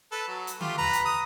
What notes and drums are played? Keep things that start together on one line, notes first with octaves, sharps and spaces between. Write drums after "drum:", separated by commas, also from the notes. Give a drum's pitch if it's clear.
A4 B4
F#3
drum: hi-hat
A3 F4 G4, drum: tom
B4 A#5 B5, drum: tom
drum: hi-hat
D#6